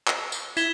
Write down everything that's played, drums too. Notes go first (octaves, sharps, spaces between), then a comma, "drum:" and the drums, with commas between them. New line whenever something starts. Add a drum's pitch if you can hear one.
drum: clap
drum: tambourine
E4 G#6 B6 E7 G7, drum: tambourine